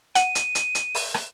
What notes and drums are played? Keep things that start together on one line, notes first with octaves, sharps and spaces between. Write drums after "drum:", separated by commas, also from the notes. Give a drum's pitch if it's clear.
F#5 D#7, drum: hi-hat
drum: hi-hat
drum: hi-hat
drum: hi-hat
drum: open hi-hat
drum: rim click